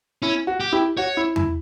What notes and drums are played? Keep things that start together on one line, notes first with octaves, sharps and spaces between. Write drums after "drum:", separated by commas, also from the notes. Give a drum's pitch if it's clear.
C#4 E4
F#4
G4
E4 G4
F#4 C#5
E4
E4, drum: tom E2